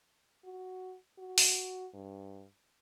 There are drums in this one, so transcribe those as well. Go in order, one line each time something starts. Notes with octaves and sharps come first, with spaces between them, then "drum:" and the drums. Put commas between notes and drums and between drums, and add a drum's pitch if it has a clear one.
F#4
F#4
drum: open hi-hat
G2